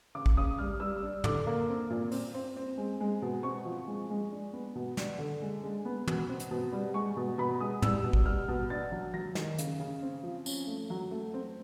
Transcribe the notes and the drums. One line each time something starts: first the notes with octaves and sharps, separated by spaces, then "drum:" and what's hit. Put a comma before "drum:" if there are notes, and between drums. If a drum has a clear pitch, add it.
C#3 D6
drum: kick A1
C#3 D#6
G3 F6
G3 E6
D4
D3 D6, drum: tom
A#3
C4
A#2
C4, drum: open hi-hat
C4
C4
G#3
G#3
B2
C4 C#6
F3
G#3
G#3
D4
B3
B2
D4, drum: snare
D3
G#3
G#3
B3
B2, drum: tom
C4
drum: hi-hat
B2
G3
G#3 C#6
B2
B2 B5
G#3 D#6
G3 E6, drum: tom
B2
drum: kick A1
G3 F6
B2
D4 A6
F#3
F#3 A#6
D#3, drum: snare
C#3, drum: hi-hat
C#3
C4
F3
C#4, drum: tambourine
A3
F#3
A3
C4